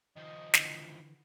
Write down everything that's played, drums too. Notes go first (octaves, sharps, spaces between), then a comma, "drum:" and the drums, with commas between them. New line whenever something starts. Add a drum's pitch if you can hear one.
D#3 F3 D#5
D3 E3, drum: snare